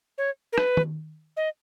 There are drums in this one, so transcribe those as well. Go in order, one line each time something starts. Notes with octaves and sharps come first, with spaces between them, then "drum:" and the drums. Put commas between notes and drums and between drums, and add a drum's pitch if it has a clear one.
C#5
A#4
B4, drum: rim click
drum: tom D#3
D#5